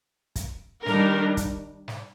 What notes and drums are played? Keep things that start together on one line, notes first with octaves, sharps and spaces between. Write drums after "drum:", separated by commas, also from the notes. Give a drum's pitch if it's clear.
drum: kick, hi-hat
D#3 G3 D4 A#4, drum: snare
drum: kick, hi-hat
drum: snare